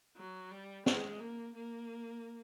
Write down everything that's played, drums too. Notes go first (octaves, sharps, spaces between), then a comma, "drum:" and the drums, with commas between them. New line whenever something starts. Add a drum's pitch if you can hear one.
F#3
G3
G#3, drum: snare
A#3
A#3